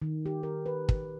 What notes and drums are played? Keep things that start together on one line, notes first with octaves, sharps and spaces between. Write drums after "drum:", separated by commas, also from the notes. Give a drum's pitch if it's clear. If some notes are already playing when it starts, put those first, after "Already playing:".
D#3
G4
A#4
B4
drum: kick